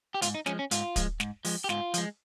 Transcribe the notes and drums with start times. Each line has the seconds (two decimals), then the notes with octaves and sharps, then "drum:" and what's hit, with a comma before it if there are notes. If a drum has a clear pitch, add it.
0.14 G4
0.22 G#2 F4, drum: hi-hat
0.34 D#4
0.46 F3 G#3 C#4, drum: snare
0.59 C#4
0.71 G#2 F4, drum: hi-hat
0.96 F3 G#3, drum: kick, hi-hat
1.20 G#2, drum: snare
1.45 F3 G#3, drum: open hi-hat
1.64 G4
1.69 G#2 F4, drum: snare
1.94 F3 G#3, drum: hi-hat